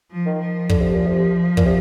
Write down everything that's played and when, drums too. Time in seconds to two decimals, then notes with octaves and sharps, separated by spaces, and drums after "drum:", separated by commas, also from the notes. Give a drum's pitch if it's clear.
0.11 F3
0.26 D#3
0.40 F3
0.69 D3, drum: kick
0.81 C3
0.94 A#2
1.06 C3
1.57 A#2, drum: kick
1.65 C3